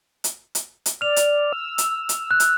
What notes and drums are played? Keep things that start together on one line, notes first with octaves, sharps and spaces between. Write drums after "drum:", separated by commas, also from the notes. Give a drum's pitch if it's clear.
drum: hi-hat
drum: hi-hat
drum: hi-hat
D5 F6 F7
drum: hi-hat
E6
drum: hi-hat
drum: hi-hat
F#6
drum: hi-hat